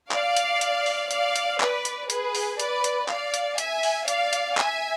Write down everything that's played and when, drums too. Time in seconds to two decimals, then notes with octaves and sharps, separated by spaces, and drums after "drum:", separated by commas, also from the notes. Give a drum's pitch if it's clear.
0.11 D5 F5, drum: clap
0.37 drum: hi-hat
0.61 drum: hi-hat
0.86 drum: open hi-hat
1.11 D5 F5, drum: hi-hat
1.36 drum: hi-hat
1.60 B4 D5, drum: clap
1.85 drum: hi-hat
2.10 G#4 B4, drum: hi-hat
2.35 drum: open hi-hat
2.59 B4 D5, drum: hi-hat
2.84 drum: hi-hat
3.09 D5 F5, drum: clap
3.34 drum: hi-hat
3.58 E5 G#5, drum: hi-hat
3.83 drum: open hi-hat
4.08 D5 F5, drum: hi-hat
4.33 drum: hi-hat
4.57 E5 G#5, drum: clap